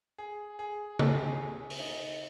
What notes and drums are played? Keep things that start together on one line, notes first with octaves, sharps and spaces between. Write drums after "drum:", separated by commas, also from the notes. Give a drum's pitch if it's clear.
G#4
G#4
A4, drum: tom C#3
G#4
G4
G#4
drum: open hi-hat
D#4